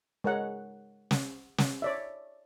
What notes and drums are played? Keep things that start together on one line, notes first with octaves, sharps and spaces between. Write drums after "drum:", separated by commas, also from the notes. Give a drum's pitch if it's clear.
G#3 A#4 C#5 F#5
drum: snare
drum: snare
C#5 D5 E5